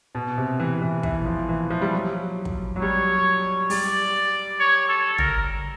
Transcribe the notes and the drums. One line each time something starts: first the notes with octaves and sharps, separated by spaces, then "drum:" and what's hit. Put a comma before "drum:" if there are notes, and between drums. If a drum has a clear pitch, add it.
B2
C3
E3
E3
E3, drum: kick
F3
E3
F3
G3
F#3
drum: kick
F#3
G3 C#5
G3 D5, drum: open hi-hat
C#5
A4
A#4, drum: tom